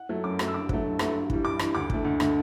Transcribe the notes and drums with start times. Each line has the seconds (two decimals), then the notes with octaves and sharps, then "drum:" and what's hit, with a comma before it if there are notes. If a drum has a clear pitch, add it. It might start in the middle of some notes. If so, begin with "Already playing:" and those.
Already playing: F#5
0.09 F#3 A3
0.24 F#2 D6
0.39 F#3 A3, drum: rim click
0.48 E6
0.54 G2 D6
0.69 F#3 A3, drum: kick
0.85 G2
0.99 F#3 A3, drum: rim click
1.14 G2
1.30 E3 G3, drum: kick
1.45 G2 D6
1.59 E3 G3, drum: rim click
1.75 D2 D6
1.90 D3 A3, drum: kick
2.04 D2
2.20 D3 A3, drum: rim click